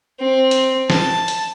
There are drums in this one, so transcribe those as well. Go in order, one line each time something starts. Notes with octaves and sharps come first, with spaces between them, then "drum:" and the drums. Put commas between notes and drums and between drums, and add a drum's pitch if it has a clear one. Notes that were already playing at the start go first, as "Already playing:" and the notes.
C4
drum: hi-hat
A5, drum: snare
drum: hi-hat